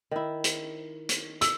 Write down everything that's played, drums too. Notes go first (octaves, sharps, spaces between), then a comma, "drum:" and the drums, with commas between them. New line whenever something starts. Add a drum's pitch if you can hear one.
D#3 E4
drum: hi-hat
drum: hi-hat
E6, drum: hi-hat